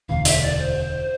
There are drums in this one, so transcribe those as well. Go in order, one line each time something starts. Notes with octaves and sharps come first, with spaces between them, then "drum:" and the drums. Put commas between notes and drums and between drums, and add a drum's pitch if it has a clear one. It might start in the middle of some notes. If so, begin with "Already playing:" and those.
E1 D2 C3 E3 F5
E5, drum: hi-hat
D5
C5